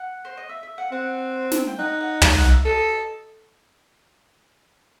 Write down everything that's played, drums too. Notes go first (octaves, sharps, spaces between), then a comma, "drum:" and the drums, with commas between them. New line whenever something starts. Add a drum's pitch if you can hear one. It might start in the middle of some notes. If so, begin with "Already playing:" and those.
Already playing: F#5
C5
D#5
E5
E5
F#5
C4 F#5
drum: snare
G5
D#4 F#5
F#5
D#5, drum: tom
F#5
E5
A4 D#5